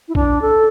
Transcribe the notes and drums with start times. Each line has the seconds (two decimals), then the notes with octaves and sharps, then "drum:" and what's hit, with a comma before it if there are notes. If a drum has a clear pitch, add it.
0.08 E4
0.15 D4, drum: kick A#1
0.42 A4